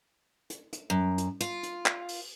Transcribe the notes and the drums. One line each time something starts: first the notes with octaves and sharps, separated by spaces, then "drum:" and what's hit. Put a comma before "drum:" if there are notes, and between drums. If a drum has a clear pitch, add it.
drum: hi-hat
drum: hi-hat
F#2
drum: hi-hat
F4, drum: hi-hat
drum: hi-hat
drum: clap
drum: open hi-hat